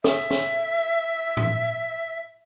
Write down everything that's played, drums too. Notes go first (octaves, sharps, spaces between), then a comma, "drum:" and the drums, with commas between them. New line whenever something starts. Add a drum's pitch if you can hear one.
A4 E5, drum: snare
drum: snare
drum: tom G#2